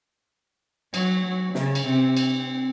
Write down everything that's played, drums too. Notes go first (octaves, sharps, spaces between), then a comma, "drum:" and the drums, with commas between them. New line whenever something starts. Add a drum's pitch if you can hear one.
F#3, drum: cymbal
F#3
C#3, drum: snare
drum: cymbal
C3
drum: cymbal
C4